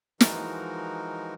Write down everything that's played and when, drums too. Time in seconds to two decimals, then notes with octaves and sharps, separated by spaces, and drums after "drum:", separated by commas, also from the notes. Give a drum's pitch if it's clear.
0.21 E3 F3 G#3 D#4 F#4 A#4, drum: snare